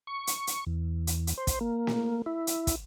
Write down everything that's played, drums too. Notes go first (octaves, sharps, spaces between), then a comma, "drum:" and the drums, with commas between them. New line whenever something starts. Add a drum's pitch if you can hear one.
C#6
drum: hi-hat
drum: hi-hat
E2
drum: hi-hat
drum: hi-hat
C5
drum: kick, hi-hat
A#3
drum: snare
E4
drum: hi-hat
drum: kick, hi-hat